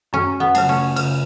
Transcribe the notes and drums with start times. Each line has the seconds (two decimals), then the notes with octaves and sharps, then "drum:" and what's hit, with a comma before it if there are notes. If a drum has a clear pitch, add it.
0.13 F#2 C#4
0.40 B3
0.55 C#3 F#3 A3, drum: cymbal
0.69 C#4
0.96 C#3, drum: cymbal